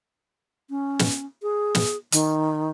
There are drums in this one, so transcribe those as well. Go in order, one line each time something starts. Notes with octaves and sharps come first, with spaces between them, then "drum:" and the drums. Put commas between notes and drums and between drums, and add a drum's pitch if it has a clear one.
C#4
drum: snare
G#4
drum: snare
D#3, drum: hi-hat